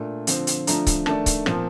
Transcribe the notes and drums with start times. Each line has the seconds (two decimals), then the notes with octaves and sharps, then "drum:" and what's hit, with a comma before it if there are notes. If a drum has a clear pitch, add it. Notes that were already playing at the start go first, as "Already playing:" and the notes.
Already playing: A#2 A3 D4
0.27 D3 F3 C4, drum: hi-hat
0.47 drum: hi-hat
0.67 D3 F3 A3 D4 A#5, drum: hi-hat
0.87 drum: kick C#1, hi-hat
1.06 D#3 A3 D4 A5, drum: rim click
1.26 drum: kick C#1, hi-hat
1.46 A#2 F3 C4, drum: rim click